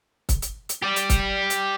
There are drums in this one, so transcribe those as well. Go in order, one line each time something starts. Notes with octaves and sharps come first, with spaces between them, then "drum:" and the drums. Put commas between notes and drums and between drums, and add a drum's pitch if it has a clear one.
drum: kick, hi-hat
drum: hi-hat
drum: hi-hat
G4 D5
drum: hi-hat
drum: kick, hi-hat
drum: hi-hat